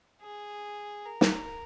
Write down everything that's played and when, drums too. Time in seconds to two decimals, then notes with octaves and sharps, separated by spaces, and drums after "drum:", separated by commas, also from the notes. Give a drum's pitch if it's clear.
0.22 G#4
1.05 A#4
1.21 drum: snare